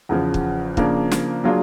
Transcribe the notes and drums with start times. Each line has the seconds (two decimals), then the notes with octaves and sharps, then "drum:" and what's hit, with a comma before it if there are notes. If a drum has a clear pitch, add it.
0.09 E2 C#3 F3
0.34 drum: kick
0.77 C#3 F3 A#3 D4, drum: kick
1.12 drum: snare
1.44 F#3 A#3 D4 F4 G#4